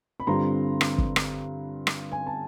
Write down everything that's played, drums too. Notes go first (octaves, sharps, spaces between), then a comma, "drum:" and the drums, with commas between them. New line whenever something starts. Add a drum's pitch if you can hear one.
B5
G2 D3 G3 C4 F4 A#5 C6
drum: rim click
drum: kick G1
drum: rim click
drum: rim click
G#5
A5